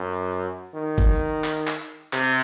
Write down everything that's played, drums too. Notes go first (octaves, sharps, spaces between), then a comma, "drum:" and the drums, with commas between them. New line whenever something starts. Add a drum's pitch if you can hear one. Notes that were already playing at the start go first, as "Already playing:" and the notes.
Already playing: F#2
D#3
drum: kick
drum: clap
drum: clap
C3, drum: clap